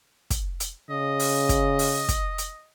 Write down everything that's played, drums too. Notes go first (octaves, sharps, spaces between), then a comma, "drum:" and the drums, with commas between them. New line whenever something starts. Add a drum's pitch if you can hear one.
drum: kick, hi-hat
drum: hi-hat
C#3 D#5
drum: open hi-hat
drum: kick, hi-hat
drum: open hi-hat
drum: kick, hi-hat
drum: hi-hat